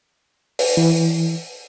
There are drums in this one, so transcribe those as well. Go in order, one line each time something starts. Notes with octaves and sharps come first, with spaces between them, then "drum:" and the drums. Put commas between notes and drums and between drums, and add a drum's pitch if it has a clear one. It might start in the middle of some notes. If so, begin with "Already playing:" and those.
drum: open hi-hat
E3